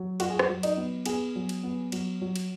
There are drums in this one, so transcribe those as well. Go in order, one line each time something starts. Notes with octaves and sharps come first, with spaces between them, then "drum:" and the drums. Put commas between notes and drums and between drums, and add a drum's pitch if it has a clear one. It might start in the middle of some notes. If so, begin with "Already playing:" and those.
Already playing: F#3
F4 F#4, drum: cymbal
G#4
F#4, drum: rim click
F#3
D#4, drum: cymbal
B3
B3 G#4, drum: cymbal
F#3
drum: cymbal
B3
F#3, drum: cymbal
F#3
drum: cymbal